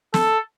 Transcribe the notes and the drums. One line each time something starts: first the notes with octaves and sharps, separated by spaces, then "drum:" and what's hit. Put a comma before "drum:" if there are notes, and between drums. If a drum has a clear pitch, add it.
A4, drum: snare